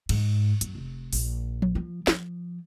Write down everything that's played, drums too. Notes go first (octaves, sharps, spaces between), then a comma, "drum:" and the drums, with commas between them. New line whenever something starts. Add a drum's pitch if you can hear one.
G#2, drum: cymbal
F#2, drum: hi-hat
F1
A#1, drum: open hi-hat
drum: tom F3
F3
F3, drum: snare